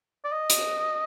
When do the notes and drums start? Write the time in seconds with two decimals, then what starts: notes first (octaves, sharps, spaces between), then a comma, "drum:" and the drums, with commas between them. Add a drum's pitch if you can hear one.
0.24 D5
0.32 D#5
0.50 drum: hi-hat